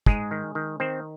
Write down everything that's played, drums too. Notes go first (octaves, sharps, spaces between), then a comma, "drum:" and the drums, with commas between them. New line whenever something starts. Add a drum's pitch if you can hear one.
G#2 G#3 G#4, drum: kick
D#3
D#3
D#3 C4 C5